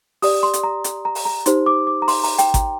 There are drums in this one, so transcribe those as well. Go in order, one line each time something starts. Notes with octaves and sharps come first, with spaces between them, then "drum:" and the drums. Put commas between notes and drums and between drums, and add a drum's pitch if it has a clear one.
G4 D5 D#6, drum: open hi-hat
C6
drum: hi-hat
A#5
drum: hi-hat
A#5
drum: open hi-hat
A#5
D#4 G4 C5 C6, drum: hi-hat
D6
D6
A#5
C6, drum: open hi-hat
A#5, drum: open hi-hat
G5, drum: hi-hat
A#5, drum: kick G#1, hi-hat